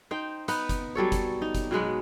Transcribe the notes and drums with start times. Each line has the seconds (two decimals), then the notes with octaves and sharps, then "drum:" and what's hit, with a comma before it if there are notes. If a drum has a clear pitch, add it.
0.11 D#4 C5 G5
0.48 B3 D#4 B4, drum: hi-hat
0.69 drum: kick F#1, hi-hat
0.95 F#3 G3 A4 C#5
1.12 drum: kick F#1, hi-hat
1.42 D#4
1.55 drum: kick F#1, hi-hat
1.71 B2 F#3 G#3 B3